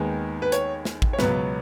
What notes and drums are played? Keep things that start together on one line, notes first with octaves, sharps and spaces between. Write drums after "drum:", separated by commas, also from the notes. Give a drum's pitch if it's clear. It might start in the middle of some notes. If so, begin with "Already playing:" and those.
Already playing: D#2 D#3 G#3 B3
B4
C#5, drum: hi-hat
drum: snare
drum: kick
C#5
C#2 B2 F#3 B3 B4, drum: snare